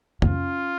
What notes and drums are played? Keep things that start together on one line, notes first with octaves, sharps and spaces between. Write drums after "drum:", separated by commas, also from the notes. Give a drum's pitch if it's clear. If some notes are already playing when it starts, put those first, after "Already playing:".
C#4 F4, drum: tom F2